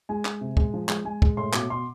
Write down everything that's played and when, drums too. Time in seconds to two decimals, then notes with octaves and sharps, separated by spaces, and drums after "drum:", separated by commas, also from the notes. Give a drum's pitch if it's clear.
0.09 G#3 G#5
0.25 G#3, drum: clap
0.41 C3
0.57 G#3, drum: kick
0.74 F3
0.89 G#3, drum: clap
1.05 G#3 G#5
1.22 G#3, drum: kick
1.37 A2 C6
1.53 B2 D6, drum: clap
1.70 B2 C6